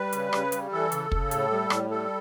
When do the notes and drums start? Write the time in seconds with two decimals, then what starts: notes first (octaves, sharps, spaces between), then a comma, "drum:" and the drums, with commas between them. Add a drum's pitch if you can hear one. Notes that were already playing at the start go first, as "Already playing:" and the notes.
Already playing: G3 B4
0.13 C#3, drum: hi-hat
0.33 C#3, drum: rim click
0.52 G3, drum: hi-hat
0.72 E3 A4
0.92 C#3, drum: hi-hat
1.12 C#3, drum: kick
1.31 A2, drum: hi-hat
1.51 G3
1.70 A2, drum: rim click
1.90 G3 A4